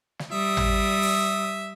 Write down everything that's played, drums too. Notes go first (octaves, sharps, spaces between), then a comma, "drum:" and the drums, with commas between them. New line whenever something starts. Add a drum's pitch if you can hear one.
drum: snare
G3 E5 D#6
drum: tom
drum: open hi-hat